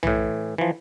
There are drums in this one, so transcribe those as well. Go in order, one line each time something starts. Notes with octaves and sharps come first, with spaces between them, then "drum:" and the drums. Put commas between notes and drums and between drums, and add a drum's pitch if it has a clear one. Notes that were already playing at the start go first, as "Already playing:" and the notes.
A2 E3, drum: tom
E3 F3